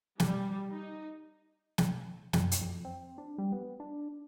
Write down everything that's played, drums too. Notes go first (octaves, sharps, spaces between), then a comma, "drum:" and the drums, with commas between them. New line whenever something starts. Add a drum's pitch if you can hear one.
G3, drum: snare
D#4
drum: snare
F#2, drum: snare
drum: hi-hat
F2
C4
D4
G3
B3
D4